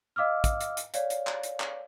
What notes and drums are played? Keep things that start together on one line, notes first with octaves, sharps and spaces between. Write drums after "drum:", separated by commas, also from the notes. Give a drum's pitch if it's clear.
D#5 F5 D6 E6 F6
drum: kick, hi-hat
drum: hi-hat
drum: hi-hat
C#5 D5 F5, drum: hi-hat
drum: hi-hat
drum: clap
drum: hi-hat
drum: clap